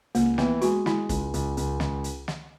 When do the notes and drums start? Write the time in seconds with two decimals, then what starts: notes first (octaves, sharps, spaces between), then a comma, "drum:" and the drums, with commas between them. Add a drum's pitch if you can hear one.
0.15 C#2 A#3, drum: hi-hat
0.38 E3 B3, drum: snare
0.61 G#3 F#4, drum: hi-hat
0.86 G#3 E4, drum: snare
1.09 C#2, drum: kick, hi-hat
1.34 C#2, drum: hi-hat
1.57 C#2, drum: hi-hat
1.80 C#2, drum: snare
2.04 drum: hi-hat
2.28 drum: snare